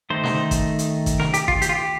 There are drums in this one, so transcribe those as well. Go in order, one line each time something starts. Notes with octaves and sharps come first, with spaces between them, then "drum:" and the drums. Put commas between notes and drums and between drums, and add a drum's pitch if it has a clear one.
D#3 A3 D#4 C5
drum: snare
drum: kick G#1, hi-hat
drum: hi-hat
drum: kick G#1, hi-hat
A#4, drum: snare
G4, drum: hi-hat
F4, drum: kick G#1
G4, drum: hi-hat
F4
G4